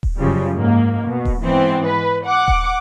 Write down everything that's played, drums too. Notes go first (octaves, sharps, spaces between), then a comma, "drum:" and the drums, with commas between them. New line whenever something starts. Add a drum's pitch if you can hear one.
drum: kick D#1
F#2 C#3 F3 G3
G#2 A#3
B2
drum: kick D#1
G#2 E3 B3 C4
B4
F#5 D6
drum: kick D#1